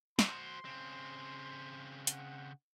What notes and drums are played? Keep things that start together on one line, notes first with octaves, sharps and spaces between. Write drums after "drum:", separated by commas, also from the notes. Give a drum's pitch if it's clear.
F#4 C5 C6, drum: snare
C#3 C4
F#5, drum: hi-hat